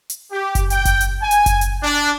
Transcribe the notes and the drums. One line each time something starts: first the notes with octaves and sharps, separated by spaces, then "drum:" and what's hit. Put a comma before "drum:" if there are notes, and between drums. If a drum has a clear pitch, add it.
drum: hi-hat
G4
drum: kick F#1, hi-hat
G5, drum: hi-hat
drum: kick F#1, hi-hat
drum: hi-hat
G#5
drum: hi-hat
drum: kick F#1, hi-hat
drum: hi-hat
D4